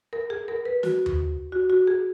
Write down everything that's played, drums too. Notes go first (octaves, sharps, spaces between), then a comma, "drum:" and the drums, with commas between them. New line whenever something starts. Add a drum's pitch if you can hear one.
A#4
G#4
A#4
B4
F#4, drum: snare
drum: tom D#2
F#4
F#4
G#4